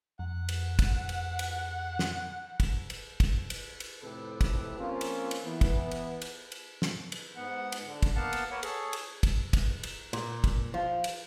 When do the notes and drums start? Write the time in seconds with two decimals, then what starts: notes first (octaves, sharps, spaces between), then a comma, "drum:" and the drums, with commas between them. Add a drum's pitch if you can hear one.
0.19 F2 F#5
0.49 drum: cymbal
0.79 drum: kick, cymbal
1.09 drum: cymbal
1.39 drum: cymbal
1.99 drum: snare
2.60 drum: kick, cymbal
2.90 drum: cymbal
3.20 drum: kick, cymbal
3.50 drum: cymbal
3.80 drum: cymbal
4.02 F2 A2 C3 G4 A4 B4
4.41 drum: kick, cymbal
4.79 F3 A#3 C4 C#4 F4
5.01 drum: cymbal
5.31 drum: cymbal
5.44 E3 B3
5.61 drum: kick, cymbal
5.91 drum: cymbal
6.22 drum: cymbal
6.52 drum: cymbal
6.82 drum: snare
7.12 drum: cymbal
7.36 G#2 B3 F#5
7.72 drum: cymbal
7.85 D3
8.02 drum: kick, cymbal
8.16 A#3 B3 F5 F#5 A5
8.33 drum: cymbal
8.51 A#3 A#4 B4 C#5 F#5
8.63 G#4 A4 C#5, drum: cymbal
8.93 drum: cymbal
9.23 drum: kick, cymbal
9.53 drum: kick, cymbal
9.83 drum: cymbal
10.13 A#2, drum: cymbal
10.44 drum: kick, cymbal
10.74 F3
11.04 drum: cymbal